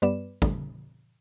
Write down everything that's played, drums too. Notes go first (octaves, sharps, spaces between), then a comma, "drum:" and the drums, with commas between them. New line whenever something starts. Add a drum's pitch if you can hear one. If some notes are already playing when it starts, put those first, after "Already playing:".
G2 G3 B3 B4 D5 E7
E2 D3 G3 A3, drum: kick